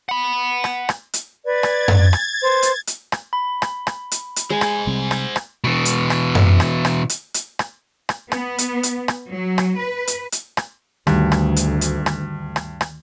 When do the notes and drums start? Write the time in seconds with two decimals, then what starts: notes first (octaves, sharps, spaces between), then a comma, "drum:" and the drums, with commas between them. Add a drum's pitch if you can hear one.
0.09 F#5 B5
0.64 drum: rim click
0.89 drum: rim click
1.14 drum: hi-hat
1.45 B4 D5 G#6 A6
1.63 drum: rim click
1.88 drum: tom F#2
2.13 drum: rim click
2.42 B4 C5
2.63 drum: hi-hat
2.87 drum: hi-hat
3.12 drum: rim click
3.33 B5
3.62 drum: rim click
3.87 drum: rim click
4.12 drum: hi-hat
4.36 drum: hi-hat
4.50 G#3 C5 G#5
4.61 drum: rim click
4.87 C3 G3 C4
5.11 drum: rim click
5.36 drum: rim click
5.64 B2 E3
5.85 drum: hi-hat
6.10 drum: rim click
6.35 drum: tom F#2
6.60 drum: rim click
6.85 drum: rim click
7.09 drum: hi-hat
7.34 drum: hi-hat
7.59 drum: rim click
8.09 drum: rim click
8.32 B3, drum: rim click
8.58 drum: hi-hat
8.83 drum: hi-hat
9.08 drum: rim click
9.31 F#3
9.58 drum: rim click
9.78 B4
10.07 drum: hi-hat
10.32 drum: hi-hat
10.57 drum: rim click
11.07 D2 G2 D#3, drum: rim click
11.32 drum: rim click
11.56 drum: hi-hat
11.81 drum: hi-hat
12.06 drum: rim click
12.56 drum: rim click
12.81 drum: rim click